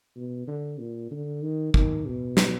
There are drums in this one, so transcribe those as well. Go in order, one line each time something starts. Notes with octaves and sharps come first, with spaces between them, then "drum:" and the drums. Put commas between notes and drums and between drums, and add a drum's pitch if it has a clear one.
B2
D3
A#2
D3
D#3
D#3, drum: kick
B2
drum: snare